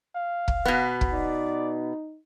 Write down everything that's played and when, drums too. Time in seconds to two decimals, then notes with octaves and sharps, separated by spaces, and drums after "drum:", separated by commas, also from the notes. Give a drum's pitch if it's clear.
0.15 F5
0.48 drum: kick
0.65 B2 B3
1.01 drum: kick
1.13 D#4 D5